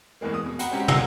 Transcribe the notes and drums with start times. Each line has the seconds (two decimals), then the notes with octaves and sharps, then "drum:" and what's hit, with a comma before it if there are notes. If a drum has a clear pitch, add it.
0.21 E2 A2 E3 G#3 A#3
0.34 D#6
0.46 B2
0.59 F#5 G5 A#5 B5, drum: hi-hat
0.72 G#3 C4 C#4 F#4 G4
0.88 F#5 G#5 A#5 E6 A#6 C7, drum: tom